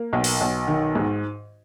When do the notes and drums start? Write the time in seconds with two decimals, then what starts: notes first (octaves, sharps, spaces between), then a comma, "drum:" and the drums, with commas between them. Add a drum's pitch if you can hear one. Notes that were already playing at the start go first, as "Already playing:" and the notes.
Already playing: A#3
0.13 B1
0.24 drum: open hi-hat
0.41 B1
0.67 D#3
0.95 G#2